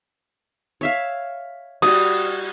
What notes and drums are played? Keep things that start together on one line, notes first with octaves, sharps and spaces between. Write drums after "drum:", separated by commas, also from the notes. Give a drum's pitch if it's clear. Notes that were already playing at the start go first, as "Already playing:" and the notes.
C#5 E5 F5
G3 F#4 D#6, drum: cymbal